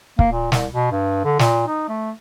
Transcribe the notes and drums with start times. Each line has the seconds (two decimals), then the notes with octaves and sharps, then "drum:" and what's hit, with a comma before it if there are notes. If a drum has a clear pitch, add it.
0.19 A#3, drum: kick
0.32 A#2
0.52 C2, drum: snare
0.72 B2
0.92 G2
1.24 D3
1.39 A#2, drum: snare
1.67 D#4
1.88 A3